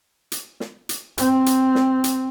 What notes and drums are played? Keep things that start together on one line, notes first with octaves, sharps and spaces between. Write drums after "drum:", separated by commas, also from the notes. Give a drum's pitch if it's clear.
drum: hi-hat
drum: snare
drum: hi-hat
C4, drum: hi-hat
drum: hi-hat
drum: snare
drum: hi-hat